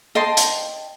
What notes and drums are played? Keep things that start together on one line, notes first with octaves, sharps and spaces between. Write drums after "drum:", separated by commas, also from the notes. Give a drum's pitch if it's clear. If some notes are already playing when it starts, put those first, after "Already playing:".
D#5 G5 A5 C6
drum: hi-hat